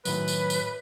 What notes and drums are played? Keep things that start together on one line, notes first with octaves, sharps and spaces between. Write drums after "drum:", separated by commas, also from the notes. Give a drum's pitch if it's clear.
F#2 A2 D#3 F#3 B4, drum: tambourine
drum: tambourine
drum: tambourine